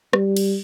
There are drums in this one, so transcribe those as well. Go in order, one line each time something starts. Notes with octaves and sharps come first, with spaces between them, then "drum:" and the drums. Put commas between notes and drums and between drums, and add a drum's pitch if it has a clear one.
G3, drum: rim click
drum: cymbal